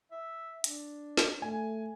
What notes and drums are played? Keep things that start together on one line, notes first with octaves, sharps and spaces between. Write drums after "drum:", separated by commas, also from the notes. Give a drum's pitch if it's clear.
E5
D4, drum: hi-hat
drum: snare
A3 G#5